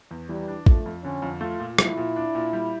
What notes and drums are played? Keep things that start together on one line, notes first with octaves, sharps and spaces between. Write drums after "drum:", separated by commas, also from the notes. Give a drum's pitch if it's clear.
E2
E3 G3
D4
F3 A3, drum: kick
F2
D3 C#4
F2
A3 F4
A#2
F3 E4, drum: rim click
A#2
D4
A#2
G3